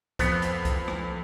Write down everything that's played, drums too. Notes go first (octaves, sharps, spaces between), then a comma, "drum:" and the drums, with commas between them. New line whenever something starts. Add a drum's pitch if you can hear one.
F2 B3 C5, drum: kick C2, hi-hat
drum: hi-hat
drum: kick C2, hi-hat
drum: rim click